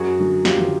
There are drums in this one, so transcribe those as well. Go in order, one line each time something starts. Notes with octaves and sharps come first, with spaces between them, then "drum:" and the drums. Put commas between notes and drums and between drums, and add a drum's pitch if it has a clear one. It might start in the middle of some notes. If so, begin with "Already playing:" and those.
Already playing: F#2 F#4 G#4
D3 F#3
F#2 F4 G4, drum: snare
drum: tom